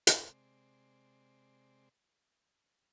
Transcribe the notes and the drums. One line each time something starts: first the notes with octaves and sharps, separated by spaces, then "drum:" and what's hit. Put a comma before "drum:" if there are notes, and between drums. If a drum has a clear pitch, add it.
drum: hi-hat
C3 G#3 C4 D5